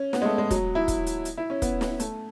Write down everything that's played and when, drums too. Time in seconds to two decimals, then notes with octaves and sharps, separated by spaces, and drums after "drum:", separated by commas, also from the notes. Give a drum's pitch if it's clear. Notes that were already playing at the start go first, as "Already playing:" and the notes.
Already playing: C#4
0.13 B3, drum: snare
0.22 G#3
0.25 A3
0.38 G#3
0.50 F#3, drum: kick, hi-hat
0.75 E4
0.88 drum: kick, hi-hat
1.06 drum: hi-hat
1.25 drum: hi-hat
1.37 E4
1.50 C#4
1.62 B3, drum: kick, hi-hat
1.81 drum: snare
2.00 A3, drum: hi-hat